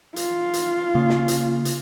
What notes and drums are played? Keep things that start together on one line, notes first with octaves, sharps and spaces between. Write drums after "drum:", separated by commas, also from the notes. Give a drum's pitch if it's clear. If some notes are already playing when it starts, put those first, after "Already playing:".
F4, drum: hi-hat
drum: hi-hat
C#3 A#3
drum: snare
drum: hi-hat
drum: hi-hat